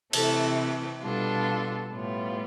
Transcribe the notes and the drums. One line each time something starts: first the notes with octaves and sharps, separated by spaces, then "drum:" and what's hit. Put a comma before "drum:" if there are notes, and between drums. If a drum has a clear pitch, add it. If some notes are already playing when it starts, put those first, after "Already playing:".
C3 E3 A3 A4, drum: cymbal
B2 G3 D4 F4 A4
A2 G3 B3 F4